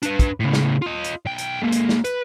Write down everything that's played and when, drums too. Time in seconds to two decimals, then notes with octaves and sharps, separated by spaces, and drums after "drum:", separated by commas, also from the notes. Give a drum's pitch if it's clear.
0.02 D4 B4, drum: hi-hat
0.19 drum: kick, hi-hat
0.40 A2 C#3
0.53 drum: snare
0.82 F4 D#5
1.04 drum: hi-hat
1.26 B1 G5
1.38 drum: hi-hat
1.62 G#2 A#3
1.72 drum: hi-hat
1.89 drum: snare
2.04 B4, drum: hi-hat